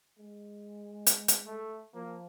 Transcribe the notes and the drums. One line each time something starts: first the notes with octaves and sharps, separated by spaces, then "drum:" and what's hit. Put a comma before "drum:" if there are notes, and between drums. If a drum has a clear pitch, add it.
G#3
drum: hi-hat
drum: hi-hat
A3
F3 A#3